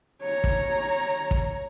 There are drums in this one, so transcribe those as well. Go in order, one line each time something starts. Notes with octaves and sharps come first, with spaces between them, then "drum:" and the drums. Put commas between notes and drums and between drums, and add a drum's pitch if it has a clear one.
C#5 A#5
drum: kick
drum: kick